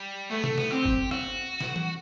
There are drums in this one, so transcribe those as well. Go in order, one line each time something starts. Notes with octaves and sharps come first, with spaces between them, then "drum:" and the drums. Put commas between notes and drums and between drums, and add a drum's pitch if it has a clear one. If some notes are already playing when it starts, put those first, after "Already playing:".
Already playing: G3
A3 B3
A3, drum: tom C3
B3, drum: snare
C4 G4, drum: rim click
drum: kick
F#4, drum: rim click
drum: snare
drum: tom